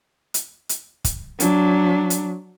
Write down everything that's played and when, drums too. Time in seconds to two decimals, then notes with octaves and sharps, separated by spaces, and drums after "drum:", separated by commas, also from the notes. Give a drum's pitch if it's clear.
0.34 drum: hi-hat
0.69 drum: hi-hat
1.05 drum: kick, hi-hat
1.40 F#3 D4, drum: hi-hat
2.10 drum: hi-hat